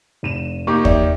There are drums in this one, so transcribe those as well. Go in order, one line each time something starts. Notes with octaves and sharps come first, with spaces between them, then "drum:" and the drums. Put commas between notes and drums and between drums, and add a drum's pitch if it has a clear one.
F1 D#7 E7
A#3 D#4 G4 C#6
D5 E5, drum: kick